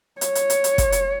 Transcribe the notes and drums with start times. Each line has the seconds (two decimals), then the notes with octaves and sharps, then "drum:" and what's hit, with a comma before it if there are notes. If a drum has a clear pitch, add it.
0.21 C#5, drum: hi-hat
0.35 drum: hi-hat
0.50 drum: hi-hat
0.64 drum: hi-hat
0.78 drum: kick, hi-hat
0.92 drum: hi-hat